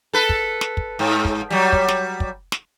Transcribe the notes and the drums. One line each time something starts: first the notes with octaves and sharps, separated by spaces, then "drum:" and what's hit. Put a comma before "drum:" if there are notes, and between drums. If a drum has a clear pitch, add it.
A4 B4
drum: kick
drum: snare
drum: kick
G#2
drum: kick
F#3 G3
drum: kick
drum: snare
drum: kick
drum: snare